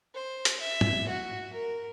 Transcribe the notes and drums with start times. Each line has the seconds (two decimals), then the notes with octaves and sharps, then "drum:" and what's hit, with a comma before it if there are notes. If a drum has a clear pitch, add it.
0.14 C5
0.45 drum: hi-hat
0.60 E5
0.81 drum: tom
1.09 F#4
1.53 A#4